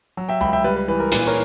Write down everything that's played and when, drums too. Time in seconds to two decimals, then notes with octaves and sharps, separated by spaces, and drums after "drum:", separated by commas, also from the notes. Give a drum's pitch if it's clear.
0.17 F#3
0.29 E5 G5
0.41 C#2 G5 B5
0.53 E5 G5
0.64 G3 B4
0.76 B4
0.88 E3 B4
1.00 A#4
1.12 A#2 B4, drum: hi-hat
1.27 A#4 C#5